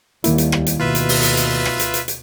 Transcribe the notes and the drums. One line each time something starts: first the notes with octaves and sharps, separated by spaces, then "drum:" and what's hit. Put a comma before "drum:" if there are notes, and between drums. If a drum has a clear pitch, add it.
D#2 D#3 G3 A#3 E4, drum: hi-hat
drum: hi-hat
drum: rim click
drum: hi-hat
D2 B2 F4 B4 E5
drum: hi-hat
drum: open hi-hat
drum: hi-hat
drum: hi-hat
drum: rim click
drum: hi-hat
drum: hi-hat
drum: hi-hat